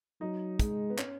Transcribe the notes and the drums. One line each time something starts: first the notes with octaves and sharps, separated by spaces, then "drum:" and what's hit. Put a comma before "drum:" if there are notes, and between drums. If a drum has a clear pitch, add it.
F#3 D#4
G#3, drum: kick, hi-hat
B3
C#4, drum: clap